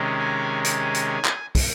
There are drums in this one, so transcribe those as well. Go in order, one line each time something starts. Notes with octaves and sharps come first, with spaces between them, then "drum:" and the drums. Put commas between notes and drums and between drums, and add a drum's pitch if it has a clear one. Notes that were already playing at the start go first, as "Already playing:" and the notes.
Already playing: C3 D#3 G#3 C#4
G#5
G#5, drum: hi-hat
drum: hi-hat
drum: clap
drum: kick, open hi-hat